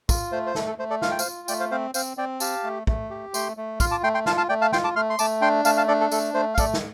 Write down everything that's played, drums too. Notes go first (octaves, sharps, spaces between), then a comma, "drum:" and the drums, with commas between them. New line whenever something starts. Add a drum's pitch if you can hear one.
F4, drum: kick, tambourine
A3 C5
C5
A3 A4, drum: snare
A4
A3 C5
A4 D5
F4 F5, drum: snare
G5
C5 F5, drum: tambourine
F4
A3 D5 G5, drum: tambourine
C5 F5
C4 C5 F5
C4 C5 F5, drum: tambourine
C4 D5 G5
G4 F5 A5, drum: tambourine
A3
A3, drum: kick
G4
A3 G5 C6, drum: tambourine
A3
F4 C6 F6, drum: kick, tambourine
A5 D6
A3 G5 C6
G5 C6
F4 F5 A5, drum: snare
F5 A5
A3 D5 G5
F5 A5
F4 G5 C6, drum: snare
A5 D6
A3 C6 F6
C6
A3 A5 D6, drum: tambourine
D4 G5 C6
A3 F5 A5, drum: tambourine
F5 A5
D4 A4 D5
A4
A3 A4, drum: tambourine
A3 C5
F5
A3 A4 D5, drum: kick, tambourine
drum: snare